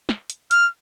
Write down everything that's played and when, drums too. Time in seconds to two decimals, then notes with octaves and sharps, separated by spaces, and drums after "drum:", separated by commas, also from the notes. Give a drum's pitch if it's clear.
0.09 drum: snare
0.30 drum: hi-hat
0.51 F6, drum: hi-hat